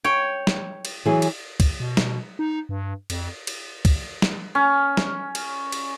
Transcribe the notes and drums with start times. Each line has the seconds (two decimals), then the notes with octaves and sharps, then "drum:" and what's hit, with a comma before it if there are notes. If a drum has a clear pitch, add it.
0.04 C#5 G5
0.47 drum: snare
0.85 drum: cymbal
1.06 E3 F#3 G#4
1.22 drum: cymbal
1.60 drum: kick, cymbal
1.80 B2
1.97 drum: snare
2.39 D#4
2.69 G2
3.10 F2, drum: cymbal
3.47 drum: cymbal
3.85 drum: kick, cymbal
4.22 drum: snare
4.55 C#4
4.97 drum: snare
5.35 drum: cymbal
5.72 drum: cymbal